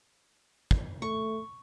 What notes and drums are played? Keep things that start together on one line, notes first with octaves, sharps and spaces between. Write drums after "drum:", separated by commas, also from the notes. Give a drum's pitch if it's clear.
drum: kick
A3 C#6